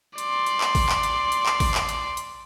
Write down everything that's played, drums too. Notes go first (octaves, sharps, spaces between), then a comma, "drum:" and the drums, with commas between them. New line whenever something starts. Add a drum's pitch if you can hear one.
D5 C6, drum: hi-hat
drum: hi-hat
drum: clap
drum: kick A1, open hi-hat
drum: clap
drum: hi-hat
drum: hi-hat
drum: clap
drum: kick A1, open hi-hat
drum: clap
drum: hi-hat
drum: hi-hat